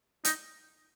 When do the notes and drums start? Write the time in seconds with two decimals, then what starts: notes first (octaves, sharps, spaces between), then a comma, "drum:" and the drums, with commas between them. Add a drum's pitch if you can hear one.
0.25 D#4, drum: hi-hat